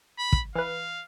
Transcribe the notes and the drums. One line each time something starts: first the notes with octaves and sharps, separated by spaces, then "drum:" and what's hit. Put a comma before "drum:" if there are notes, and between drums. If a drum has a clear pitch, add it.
B5
drum: kick
E3 B4 F5